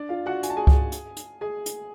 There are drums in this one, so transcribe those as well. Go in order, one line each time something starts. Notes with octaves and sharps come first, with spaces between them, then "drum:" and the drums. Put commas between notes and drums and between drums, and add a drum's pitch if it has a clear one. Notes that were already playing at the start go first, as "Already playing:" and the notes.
Already playing: D4 D5
F4 F5
F#4 F#5
G#5, drum: hi-hat
A5
G#4 G#5
drum: kick C#2
drum: hi-hat
drum: hi-hat
G#4 G#5
drum: hi-hat